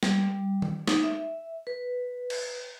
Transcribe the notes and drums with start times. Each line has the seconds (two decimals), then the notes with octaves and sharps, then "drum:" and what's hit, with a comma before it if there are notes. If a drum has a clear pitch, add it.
0.03 G3, drum: snare
0.62 drum: tom D#3
0.88 D#4, drum: snare
1.03 E5
1.67 B4
2.30 drum: cymbal